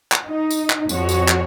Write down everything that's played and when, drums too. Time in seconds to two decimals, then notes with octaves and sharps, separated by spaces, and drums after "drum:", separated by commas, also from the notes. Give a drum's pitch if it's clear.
0.12 drum: clap
0.27 D#4
0.51 drum: tambourine
0.70 drum: clap
0.89 F2 F#4 C#5, drum: tambourine
1.09 drum: tambourine
1.28 drum: clap